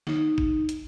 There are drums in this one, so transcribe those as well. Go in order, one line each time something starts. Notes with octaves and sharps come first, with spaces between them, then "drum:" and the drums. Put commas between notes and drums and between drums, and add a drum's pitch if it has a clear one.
D#4, drum: snare
drum: kick G#1
drum: hi-hat